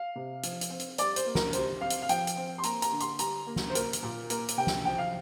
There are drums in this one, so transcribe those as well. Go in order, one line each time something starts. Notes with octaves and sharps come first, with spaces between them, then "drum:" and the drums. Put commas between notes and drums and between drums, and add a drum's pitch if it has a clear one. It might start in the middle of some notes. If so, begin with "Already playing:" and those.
Already playing: F5
C3
F3, drum: hi-hat
drum: hi-hat
C4
drum: hi-hat
G3 D5, drum: hi-hat
C5, drum: hi-hat
A#3
A#4, drum: snare
G3 C5, drum: hi-hat
C4 F5
drum: hi-hat
F5
F3 G5, drum: hi-hat
drum: hi-hat
C4
C6
A#3 A#5, drum: hi-hat
A#5, drum: hi-hat
D3
C6, drum: hi-hat
G3 A#5, drum: hi-hat
A#3
drum: snare
C5
A#3 A#4, drum: hi-hat
drum: hi-hat
A#2
A#3 A#4, drum: hi-hat
drum: hi-hat
C3 G5
drum: snare
F3 G5
F5